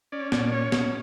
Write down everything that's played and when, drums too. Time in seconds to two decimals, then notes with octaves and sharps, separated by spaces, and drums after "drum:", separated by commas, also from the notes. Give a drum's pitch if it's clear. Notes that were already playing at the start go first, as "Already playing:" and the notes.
0.12 C#4 D5
0.32 A#2 D5, drum: snare
0.52 C#4 C#5
0.72 A#2, drum: snare